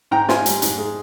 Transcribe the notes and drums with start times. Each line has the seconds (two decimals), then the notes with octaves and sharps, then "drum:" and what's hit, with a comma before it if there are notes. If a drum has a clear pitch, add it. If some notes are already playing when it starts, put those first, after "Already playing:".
0.11 G#2 G5 A#5
0.29 F4 G#5 C6, drum: snare
0.46 G3, drum: hi-hat
0.62 G#2, drum: hi-hat
0.78 G#3